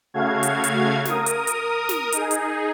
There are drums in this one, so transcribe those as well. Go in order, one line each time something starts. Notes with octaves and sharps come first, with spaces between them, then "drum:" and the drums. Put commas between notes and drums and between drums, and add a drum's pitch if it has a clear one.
C#3 A3 F#4 F5 G#6
drum: hi-hat
drum: hi-hat
A#4 D#6, drum: snare
drum: hi-hat
drum: hi-hat
drum: snare
D#4 G#4, drum: hi-hat
drum: hi-hat